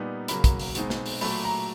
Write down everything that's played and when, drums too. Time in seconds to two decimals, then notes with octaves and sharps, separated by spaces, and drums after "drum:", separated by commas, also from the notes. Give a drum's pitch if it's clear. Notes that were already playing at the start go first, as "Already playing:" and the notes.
Already playing: A#2 G3 B3 D#4
0.28 C#3 F#3 A#3 B5, drum: hi-hat
0.44 drum: kick, hi-hat
0.59 drum: open hi-hat
0.75 B2 G#3 C4 D#4, drum: hi-hat
0.90 drum: snare
1.06 drum: open hi-hat
1.21 A#2 F#3 A3 B5, drum: open hi-hat
1.44 A#5